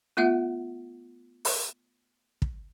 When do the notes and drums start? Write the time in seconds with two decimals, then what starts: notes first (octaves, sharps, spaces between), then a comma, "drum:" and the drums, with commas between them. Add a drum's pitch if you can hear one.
0.17 A3 B3 F4 E5 F#5
1.45 drum: open hi-hat
2.42 drum: kick